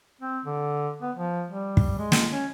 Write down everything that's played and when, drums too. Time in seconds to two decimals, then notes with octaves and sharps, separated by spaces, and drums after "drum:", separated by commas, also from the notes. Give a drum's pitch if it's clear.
0.21 C4
0.45 D3
1.02 B3
1.16 F3
1.50 G3
1.77 drum: kick
1.98 G#3
2.12 drum: snare
2.31 C#4